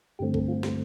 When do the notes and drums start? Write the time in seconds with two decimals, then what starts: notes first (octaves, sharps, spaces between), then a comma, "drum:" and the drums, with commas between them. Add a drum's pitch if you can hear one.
0.19 G2 D3 A3 C4 G4
0.34 A4, drum: kick
0.48 F4
0.63 G4, drum: snare